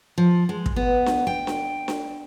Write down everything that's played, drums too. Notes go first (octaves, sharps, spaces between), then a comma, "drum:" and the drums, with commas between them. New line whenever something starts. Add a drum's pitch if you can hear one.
F3
G#3
drum: kick
B3
drum: snare D4
G5
drum: snare D4
drum: snare D4